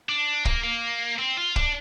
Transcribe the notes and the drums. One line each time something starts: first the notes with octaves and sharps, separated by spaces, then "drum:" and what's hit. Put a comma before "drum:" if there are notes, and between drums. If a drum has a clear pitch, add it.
D4
A#3, drum: kick
A#3
C4
F4
D4, drum: kick